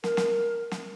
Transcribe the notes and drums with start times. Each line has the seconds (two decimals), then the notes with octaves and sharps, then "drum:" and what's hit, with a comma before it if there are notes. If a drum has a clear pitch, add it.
0.04 A#4, drum: snare
0.17 drum: snare
0.71 drum: snare